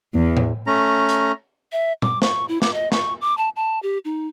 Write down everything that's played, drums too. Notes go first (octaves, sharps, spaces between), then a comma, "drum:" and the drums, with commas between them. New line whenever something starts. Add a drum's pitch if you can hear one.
E2
drum: tom A2
A3 C#4 A#5
drum: hi-hat
E5
D6, drum: tom A#2
C#6, drum: snare
E4
D6, drum: snare
D#5
C#6, drum: snare
D6
A5
A5
G4
D#4